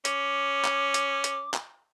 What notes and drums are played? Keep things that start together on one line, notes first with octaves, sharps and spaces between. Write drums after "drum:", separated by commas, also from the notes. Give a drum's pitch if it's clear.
C#4 D6, drum: hi-hat
drum: clap
drum: hi-hat
drum: hi-hat
drum: clap